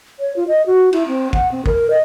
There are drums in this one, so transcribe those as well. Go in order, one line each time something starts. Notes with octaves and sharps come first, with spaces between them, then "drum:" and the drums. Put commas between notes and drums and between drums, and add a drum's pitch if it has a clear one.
C#5
F4
D#5
F#4
E4, drum: cymbal
C4
F#5, drum: kick G#1
C4
A#4, drum: kick G#1
D#5